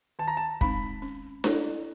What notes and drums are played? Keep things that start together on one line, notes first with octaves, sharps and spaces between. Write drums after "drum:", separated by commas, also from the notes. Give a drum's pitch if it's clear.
D#3 A5
A#5
A5
G#3 C4 D#4 B5, drum: kick
C#4
E4 A4 C#5, drum: snare D4